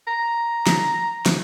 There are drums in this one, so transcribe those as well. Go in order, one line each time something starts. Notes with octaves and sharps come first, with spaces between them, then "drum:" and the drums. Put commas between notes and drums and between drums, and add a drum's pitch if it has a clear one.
A#5
drum: snare
drum: snare